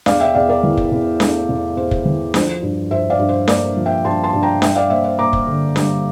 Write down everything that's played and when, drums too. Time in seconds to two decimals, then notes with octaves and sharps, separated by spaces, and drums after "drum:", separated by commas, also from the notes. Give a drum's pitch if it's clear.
0.06 E2 D5 F5, drum: snare D4
0.20 E5 G5
0.35 E2 D5 F5
0.49 A#4 D5
0.63 E3
0.77 drum: kick
0.92 E2
1.20 A3, drum: snare D4
1.49 E2
1.77 E2 C5
1.91 drum: kick
2.05 E3
2.34 F3 C5, drum: snare D4
2.62 G2
2.91 G2 C5 E5
3.10 D5 F5
3.19 G2
3.29 C5
3.48 A#3 A#4 D5, drum: snare D4
3.76 F3
3.86 E5 G5
4.05 G2 A5 C6
4.23 A5 C6
4.33 G2
4.43 G5 A#5
4.62 G3 E5 G5, drum: snare D4
4.76 D5 F5
4.90 A#3 C5 E5
5.04 C5 E5
5.19 A#3 A#5 D6
5.33 drum: kick
5.47 D3
5.76 G3, drum: snare D4